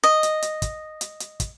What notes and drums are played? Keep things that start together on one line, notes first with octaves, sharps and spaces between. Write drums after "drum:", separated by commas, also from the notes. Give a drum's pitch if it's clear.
D#5
drum: hi-hat
drum: hi-hat
drum: kick, hi-hat
drum: hi-hat
drum: hi-hat
drum: kick, hi-hat